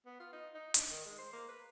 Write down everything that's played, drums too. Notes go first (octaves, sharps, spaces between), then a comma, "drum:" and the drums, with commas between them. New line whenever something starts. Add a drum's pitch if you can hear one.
B3
F4
D#4
D#4
D4, drum: hi-hat
D#3
G#3
C5
A#3
B4